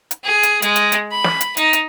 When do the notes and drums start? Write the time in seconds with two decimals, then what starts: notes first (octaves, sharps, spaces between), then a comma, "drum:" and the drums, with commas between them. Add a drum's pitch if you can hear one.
0.11 drum: hi-hat
0.24 G#4
0.43 drum: hi-hat
0.62 G#3, drum: hi-hat
0.76 drum: hi-hat
0.92 drum: hi-hat
1.11 B5
1.24 drum: snare
1.41 drum: hi-hat
1.57 D#4, drum: hi-hat
1.73 drum: hi-hat